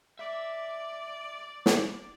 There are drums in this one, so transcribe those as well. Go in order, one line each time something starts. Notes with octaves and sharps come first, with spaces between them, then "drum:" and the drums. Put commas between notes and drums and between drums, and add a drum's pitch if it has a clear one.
D5 E5 D6
drum: snare